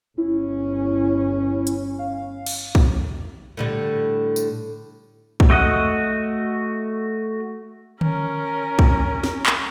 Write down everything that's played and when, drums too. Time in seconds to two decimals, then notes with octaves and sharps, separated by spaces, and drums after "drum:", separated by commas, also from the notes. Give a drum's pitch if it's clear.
0.18 G1 C#4 E4
1.67 drum: hi-hat
1.99 F5
2.46 drum: cymbal
2.75 drum: kick
3.57 A2 D3 G3
4.36 drum: tambourine
5.40 drum: kick
5.50 A3 F#4 D#5 F#5
8.01 C#4 A#4, drum: tom D3
8.79 drum: kick
9.24 drum: snare
9.46 drum: clap